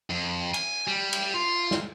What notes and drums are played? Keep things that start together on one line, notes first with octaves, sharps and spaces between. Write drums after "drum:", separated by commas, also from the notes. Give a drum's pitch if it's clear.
F2
G#5, drum: cymbal
G3
drum: cymbal
F4
drum: snare